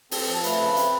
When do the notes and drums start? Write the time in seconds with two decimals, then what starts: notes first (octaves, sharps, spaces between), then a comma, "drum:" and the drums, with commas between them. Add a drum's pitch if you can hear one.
0.11 C4 A4, drum: open hi-hat
0.28 F3
0.44 A3 B4, drum: hi-hat
0.60 C#3
0.77 C4, drum: hi-hat